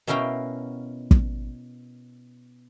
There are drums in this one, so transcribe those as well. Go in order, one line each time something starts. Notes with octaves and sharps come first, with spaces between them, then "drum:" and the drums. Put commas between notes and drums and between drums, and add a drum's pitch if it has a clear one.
B2 C#4 E4 A#4 F5 G5
drum: kick